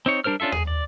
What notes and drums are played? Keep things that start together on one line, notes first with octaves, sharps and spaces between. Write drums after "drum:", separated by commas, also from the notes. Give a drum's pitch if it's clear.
C4 D#4 C#5
G3 D4 A#4 C5 F6
C#4 D4 F4 A4 E5
G#4, drum: tom D#2
D5